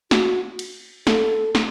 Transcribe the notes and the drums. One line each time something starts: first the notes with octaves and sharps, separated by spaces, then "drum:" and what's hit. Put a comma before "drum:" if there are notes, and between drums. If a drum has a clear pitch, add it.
F#4, drum: snare
drum: cymbal
A4, drum: snare
drum: snare